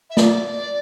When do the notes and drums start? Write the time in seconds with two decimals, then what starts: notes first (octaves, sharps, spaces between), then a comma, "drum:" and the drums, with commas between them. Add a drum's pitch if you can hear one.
0.10 E5
0.17 D5, drum: snare